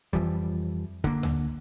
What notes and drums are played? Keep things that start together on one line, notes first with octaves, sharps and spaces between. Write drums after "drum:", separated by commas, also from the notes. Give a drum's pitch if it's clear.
F2 E3 F3 G3, drum: kick
D3 A#3, drum: kick
drum: tom D2